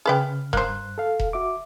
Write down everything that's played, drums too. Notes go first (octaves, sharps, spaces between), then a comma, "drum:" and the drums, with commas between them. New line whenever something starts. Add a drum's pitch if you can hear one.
C#3 G#4 B4 G5 F6
G2 A#3 C5 F#6, drum: kick E1
A4 F5
drum: kick E1
F#4 E5 D6